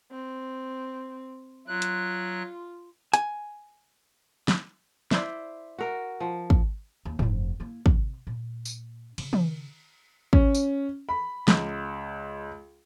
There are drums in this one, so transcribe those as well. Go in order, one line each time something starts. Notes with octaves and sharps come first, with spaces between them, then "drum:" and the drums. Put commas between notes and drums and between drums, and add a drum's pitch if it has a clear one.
C4
F#3 F4 F#6
drum: hi-hat
G#5, drum: hi-hat
drum: snare
E4 C5 D5, drum: snare
F#4 A#4
F3
drum: kick
D#2
F1 F2, drum: tom
A#3 E4
C3, drum: kick
A#2
drum: tambourine
C#3, drum: cymbal
drum: tom
C#4, drum: kick
drum: tambourine
B5
C#2, drum: snare